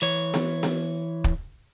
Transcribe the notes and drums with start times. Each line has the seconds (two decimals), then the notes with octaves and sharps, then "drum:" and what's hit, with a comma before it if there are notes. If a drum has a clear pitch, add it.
0.02 E3 C#5
0.34 drum: snare B3
0.63 drum: snare B3
1.24 drum: kick